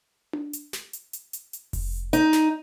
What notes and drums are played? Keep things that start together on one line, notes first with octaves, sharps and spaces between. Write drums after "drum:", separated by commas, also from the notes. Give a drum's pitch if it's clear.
drum: tom D4
drum: hi-hat
drum: snare
drum: hi-hat
drum: hi-hat
drum: hi-hat
drum: hi-hat
drum: kick F1, open hi-hat
D#4, drum: hi-hat
drum: snare